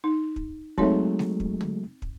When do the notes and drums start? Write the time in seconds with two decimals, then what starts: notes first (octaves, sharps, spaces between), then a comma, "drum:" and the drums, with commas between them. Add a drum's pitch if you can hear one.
0.04 D#4
0.36 drum: kick
0.78 F#3 G#3 A3 C4 D#4 C#5, drum: kick
1.19 drum: snare G#3
1.40 drum: kick
1.61 drum: tom
2.02 drum: kick